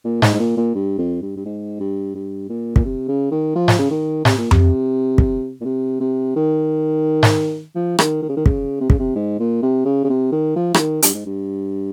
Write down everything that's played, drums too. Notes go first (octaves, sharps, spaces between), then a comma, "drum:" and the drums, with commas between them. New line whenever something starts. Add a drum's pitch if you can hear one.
A#2
G#2, drum: snare G#2
G#2
A#2
A#2
G2
F2
G2
G2
G#2
G2
G2
A#2
A#2, drum: kick
C3
C#3
D#3
F3
drum: snare G#2
C#3
D#3
C3, drum: snare G#2
A#2
C3, drum: tom F2
drum: kick
A#2
C3
C3
D#3
drum: snare G#2
F3
D#3, drum: rim click
D#3
C#3
D#3
C#3, drum: kick
C3
C#3, drum: kick
C3
G#2
A#2
C3
C#3
C#3
C3
D#3
F3
F3, drum: rim click
D#3
G2, drum: hi-hat
G#2
G2